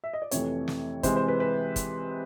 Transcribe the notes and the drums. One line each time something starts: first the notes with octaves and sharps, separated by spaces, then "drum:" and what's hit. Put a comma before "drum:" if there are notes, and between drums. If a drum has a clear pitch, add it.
E5
D#5
D5
F2 C3 E3 A3 C#5, drum: hi-hat
drum: snare
C3 E3 G#3 C5, drum: kick, hi-hat
C5
B4
B4
drum: kick, hi-hat